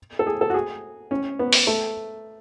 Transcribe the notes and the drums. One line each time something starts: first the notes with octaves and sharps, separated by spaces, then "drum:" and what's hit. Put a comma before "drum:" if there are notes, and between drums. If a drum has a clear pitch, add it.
A4
G#4
A4
F#4
G#4
C#4
B3
drum: open hi-hat
A3